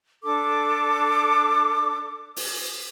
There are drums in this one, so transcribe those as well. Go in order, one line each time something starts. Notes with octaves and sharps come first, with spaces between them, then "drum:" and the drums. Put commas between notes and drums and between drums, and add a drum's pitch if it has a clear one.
D4 A4 D6
drum: open hi-hat